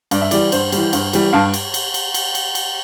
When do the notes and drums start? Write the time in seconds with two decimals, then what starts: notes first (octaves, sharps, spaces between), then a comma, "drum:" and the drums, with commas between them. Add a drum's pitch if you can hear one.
0.11 G2 D5, drum: cymbal
0.21 E5
0.31 E3 G3 D5, drum: cymbal
0.52 G2 C5, drum: cymbal
0.72 E3 G3, drum: cymbal
0.93 G2, drum: cymbal
1.13 E3 G3, drum: cymbal
1.33 G2 F5 A5
1.54 drum: cymbal
1.74 drum: cymbal
1.94 drum: cymbal
2.14 drum: cymbal
2.35 drum: cymbal
2.55 drum: cymbal